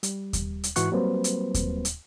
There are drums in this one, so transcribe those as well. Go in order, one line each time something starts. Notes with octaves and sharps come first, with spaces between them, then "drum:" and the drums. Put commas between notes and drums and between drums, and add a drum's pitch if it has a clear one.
G3, drum: hi-hat
drum: kick D#2, hi-hat
drum: hi-hat
G#2 E3 F#4 C#6 F#6, drum: hi-hat
F#3 G3 A#3 C4 B4 C5
drum: hi-hat
drum: kick D#2, hi-hat
drum: hi-hat